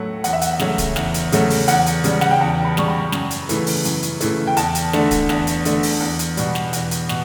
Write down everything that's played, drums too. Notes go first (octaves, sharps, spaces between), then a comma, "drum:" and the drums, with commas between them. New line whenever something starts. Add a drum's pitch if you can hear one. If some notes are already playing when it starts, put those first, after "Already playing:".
Already playing: A2 F#3 A3 F#5
E2 F#5, drum: hi-hat
E5
F#5, drum: hi-hat
C#3 F#3 A3, drum: snare
drum: kick, hi-hat
E2, drum: snare
drum: hi-hat
C#3 F#3 A3, drum: hi-hat
drum: open hi-hat
E2 F#5, drum: hi-hat
drum: hi-hat
C#3 G3, drum: hi-hat
F#5, drum: snare
G5
E2 A5
B5
C#3 G3 C#6, drum: snare
B5
F#2, drum: snare
drum: hi-hat
C#3 E3 A3, drum: hi-hat
drum: open hi-hat
F#2, drum: hi-hat
drum: hi-hat
C#3 E3 A3, drum: hi-hat
G5
E2 A5, drum: hi-hat
drum: hi-hat
D3 A3, drum: snare
drum: kick, hi-hat
E2, drum: snare
drum: hi-hat
D3 A3, drum: hi-hat
drum: open hi-hat
E2
drum: hi-hat
B2 G3, drum: hi-hat
drum: snare
E2, drum: hi-hat
drum: hi-hat
B2, drum: snare